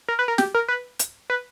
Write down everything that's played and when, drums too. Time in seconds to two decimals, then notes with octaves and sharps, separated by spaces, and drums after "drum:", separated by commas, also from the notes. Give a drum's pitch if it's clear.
0.08 A#4
0.19 B4
0.28 A#4
0.38 G4, drum: snare
0.54 A#4
0.68 B4
0.99 drum: hi-hat
1.30 B4